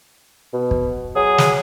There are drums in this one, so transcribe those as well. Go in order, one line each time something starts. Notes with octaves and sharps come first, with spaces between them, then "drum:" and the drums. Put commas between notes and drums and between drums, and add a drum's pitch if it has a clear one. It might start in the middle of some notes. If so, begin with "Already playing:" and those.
B2
drum: kick
F#3 G#4
drum: snare